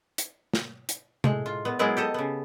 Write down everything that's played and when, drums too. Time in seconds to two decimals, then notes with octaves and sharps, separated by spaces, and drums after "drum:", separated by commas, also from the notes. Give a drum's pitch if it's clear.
0.18 drum: hi-hat
0.54 drum: snare
0.89 drum: hi-hat
1.24 A2 G#3, drum: tom C3
1.46 F4
1.65 A#2 B3
1.79 F#3 G#3 B3 E4 G#4 A#4
1.97 G4 A4 D#5
2.14 C#3 B3